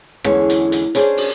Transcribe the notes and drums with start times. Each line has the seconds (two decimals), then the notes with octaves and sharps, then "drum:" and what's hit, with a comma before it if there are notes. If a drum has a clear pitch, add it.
0.24 E2 D3 G#3 C#4, drum: rim click
0.50 drum: hi-hat
0.72 drum: hi-hat
0.95 C#4 D4 G#4 C5, drum: hi-hat
1.17 drum: open hi-hat